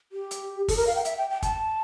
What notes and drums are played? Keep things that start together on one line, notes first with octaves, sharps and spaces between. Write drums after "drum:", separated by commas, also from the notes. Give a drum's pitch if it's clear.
G4
drum: hi-hat
A4, drum: kick, open hi-hat
A#4
F5
G5
E5, drum: hi-hat
G5
G5
A5, drum: kick, hi-hat